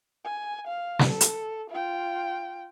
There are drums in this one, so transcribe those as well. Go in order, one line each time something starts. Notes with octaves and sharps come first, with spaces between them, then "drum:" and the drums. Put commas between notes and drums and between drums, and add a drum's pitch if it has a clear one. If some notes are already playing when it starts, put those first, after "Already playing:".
G#5
F5
drum: snare
A4
drum: hi-hat
F4 G5